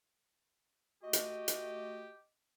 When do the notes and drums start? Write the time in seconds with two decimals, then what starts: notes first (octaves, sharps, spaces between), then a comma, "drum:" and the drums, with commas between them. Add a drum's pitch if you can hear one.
1.03 A3 F#4 G4 D#5
1.13 drum: hi-hat
1.48 drum: hi-hat